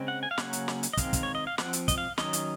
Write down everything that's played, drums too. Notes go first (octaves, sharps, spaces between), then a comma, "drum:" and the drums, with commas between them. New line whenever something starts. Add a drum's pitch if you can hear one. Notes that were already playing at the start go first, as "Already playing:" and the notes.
Already playing: C#3 G#3 C4
F#5
G#5
F5
C#3 F#3 A#3 C#4 F#5, drum: snare
drum: hi-hat
drum: snare
drum: hi-hat
D#5
D#3 G#3 C4 F5, drum: kick, hi-hat
drum: kick, hi-hat
C#5
D#5
F5
F3 C4 F#5, drum: snare
drum: hi-hat
D#5, drum: kick, hi-hat
F5
D#3 F#3 C#4 D#5, drum: snare
drum: hi-hat